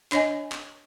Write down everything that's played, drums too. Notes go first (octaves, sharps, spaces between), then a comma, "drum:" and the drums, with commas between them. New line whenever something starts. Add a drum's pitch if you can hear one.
D4 C#5 D#5 G#5, drum: clap
drum: clap